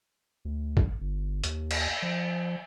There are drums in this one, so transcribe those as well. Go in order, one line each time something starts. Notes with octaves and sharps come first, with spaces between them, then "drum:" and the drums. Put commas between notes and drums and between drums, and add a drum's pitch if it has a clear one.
D2
drum: kick
G1
D#2, drum: hi-hat
drum: cymbal
F3